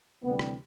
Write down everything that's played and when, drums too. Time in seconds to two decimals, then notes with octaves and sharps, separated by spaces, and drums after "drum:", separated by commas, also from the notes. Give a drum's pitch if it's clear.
0.23 D2 C3 E3 G3 B3
0.39 drum: rim click